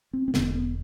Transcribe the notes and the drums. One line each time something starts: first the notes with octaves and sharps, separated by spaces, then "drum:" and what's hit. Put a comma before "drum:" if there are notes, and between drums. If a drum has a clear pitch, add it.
C4
C4
E1 E2 D3 B3, drum: snare
B3